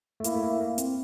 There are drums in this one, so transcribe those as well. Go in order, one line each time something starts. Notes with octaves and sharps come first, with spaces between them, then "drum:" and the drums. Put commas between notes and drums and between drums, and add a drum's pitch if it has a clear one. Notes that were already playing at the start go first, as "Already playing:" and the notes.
A3
A#3 E4, drum: hi-hat
A3
A#3
A#3
C4, drum: hi-hat